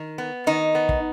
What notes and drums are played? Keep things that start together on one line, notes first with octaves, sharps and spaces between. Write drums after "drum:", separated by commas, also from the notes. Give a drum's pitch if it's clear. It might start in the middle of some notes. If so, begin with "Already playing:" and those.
Already playing: D#3
B3
D#3 D#4
B3
drum: kick